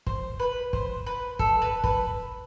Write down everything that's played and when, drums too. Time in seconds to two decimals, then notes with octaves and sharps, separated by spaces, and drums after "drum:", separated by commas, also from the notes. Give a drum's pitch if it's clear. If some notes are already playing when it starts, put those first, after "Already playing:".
0.07 C5, drum: kick
0.40 B4
0.73 C5, drum: kick
1.06 B4
1.39 A4, drum: kick
1.62 B4
1.84 B4, drum: kick